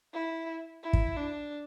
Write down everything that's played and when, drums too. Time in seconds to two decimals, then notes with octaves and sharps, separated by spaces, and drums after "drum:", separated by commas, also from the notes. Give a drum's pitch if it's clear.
0.13 E4
0.83 E4
0.93 drum: kick
1.17 D4